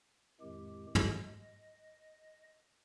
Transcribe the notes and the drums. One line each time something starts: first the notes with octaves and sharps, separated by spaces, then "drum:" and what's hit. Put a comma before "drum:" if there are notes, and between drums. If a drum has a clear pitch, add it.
F2 A2 D#3 G#3 G4
D#5, drum: tom